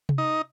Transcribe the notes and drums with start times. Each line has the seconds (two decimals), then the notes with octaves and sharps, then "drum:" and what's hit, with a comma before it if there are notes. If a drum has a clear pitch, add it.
0.09 drum: tom C3
0.18 D#4